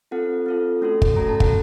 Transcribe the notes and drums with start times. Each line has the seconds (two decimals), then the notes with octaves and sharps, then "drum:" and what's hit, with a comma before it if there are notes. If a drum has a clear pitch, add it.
0.11 C4 F4 A4 F#5
0.46 C4 F4 A4
0.81 A3 C#4 F#4 A4
1.02 drum: kick
1.15 A3 C#4 F#4 A4 A#5
1.28 A5
1.40 F#5, drum: kick